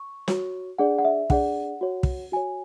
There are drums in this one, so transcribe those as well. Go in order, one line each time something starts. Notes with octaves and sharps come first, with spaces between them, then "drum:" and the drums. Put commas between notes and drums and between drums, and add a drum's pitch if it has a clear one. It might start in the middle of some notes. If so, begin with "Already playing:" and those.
Already playing: C#6
F#4 C#5, drum: snare
D4 G#4 D5 F#5
F#5
E5
D4 G#4 D5 F#5, drum: kick
F#4 C#5
drum: kick
F#4 C#5 G#5